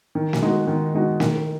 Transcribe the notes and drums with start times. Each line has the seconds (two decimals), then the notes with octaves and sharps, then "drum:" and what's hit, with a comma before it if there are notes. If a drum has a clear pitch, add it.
0.15 D#3
0.33 drum: snare
0.42 G#3 D#4 F#4
0.67 D#3
0.94 G#3 D#4 F#4
1.20 D#3, drum: snare